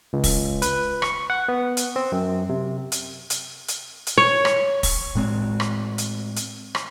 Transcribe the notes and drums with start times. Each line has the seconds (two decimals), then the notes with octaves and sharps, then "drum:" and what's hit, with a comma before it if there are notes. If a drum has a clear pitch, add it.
0.13 C#2
0.24 drum: kick, open hi-hat
0.62 B4, drum: hi-hat
1.02 C#6, drum: rim click
1.30 F#5
1.48 B3
1.77 drum: hi-hat
1.96 C4
2.12 F#2
2.49 C3
2.92 drum: hi-hat
3.30 drum: hi-hat
3.68 drum: hi-hat
4.07 drum: hi-hat
4.18 C#5
4.45 drum: rim click
4.83 drum: kick, open hi-hat
5.15 A2 G#3 C4
5.60 drum: rim click
5.98 drum: hi-hat
6.36 drum: hi-hat
6.75 drum: rim click